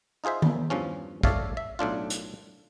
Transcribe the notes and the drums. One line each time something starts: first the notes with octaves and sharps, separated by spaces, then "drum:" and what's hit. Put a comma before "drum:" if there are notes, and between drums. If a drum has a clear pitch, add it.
D#4 F4 G#4 C5 E5
drum: tom D#3
E2 G2 F3 C#4
A4 C#5 D5 E5 F5, drum: kick
E5
B1 A2 D4 F4
drum: hi-hat